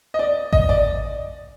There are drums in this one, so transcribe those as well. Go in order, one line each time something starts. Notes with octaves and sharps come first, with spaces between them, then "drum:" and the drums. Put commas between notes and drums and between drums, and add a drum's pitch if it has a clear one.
D#5
D5
D#5, drum: kick A1
D5